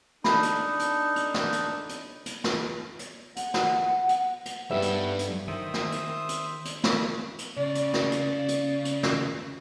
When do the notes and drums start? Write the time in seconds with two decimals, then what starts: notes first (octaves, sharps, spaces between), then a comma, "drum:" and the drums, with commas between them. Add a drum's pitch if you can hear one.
0.24 D4 D#4 A4 B5, drum: snare
0.43 drum: hi-hat
0.79 drum: hi-hat
1.16 drum: hi-hat
1.34 drum: snare
1.53 drum: hi-hat
1.89 drum: hi-hat
2.26 drum: hi-hat
2.44 drum: snare
2.99 drum: hi-hat
3.36 F#5, drum: hi-hat
3.54 drum: snare
4.09 drum: hi-hat
4.46 drum: hi-hat
4.71 G2 G3 B3 D#4 A4 B4 E5
4.82 drum: hi-hat
5.19 drum: hi-hat
5.48 D#3 C5 E5 D#6
5.74 drum: snare
5.92 drum: hi-hat
6.29 drum: hi-hat
6.65 drum: hi-hat
6.84 drum: snare
7.38 drum: hi-hat
7.57 C#3 D5
7.75 drum: hi-hat
7.93 drum: snare
8.12 drum: hi-hat
8.48 drum: hi-hat
8.85 drum: hi-hat
9.03 drum: snare